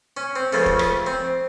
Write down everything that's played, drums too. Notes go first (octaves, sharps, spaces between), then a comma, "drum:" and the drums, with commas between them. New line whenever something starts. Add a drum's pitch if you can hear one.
C#4
C4
C#2 C#3 F3 A3 C#4
drum: kick
drum: rim click
C4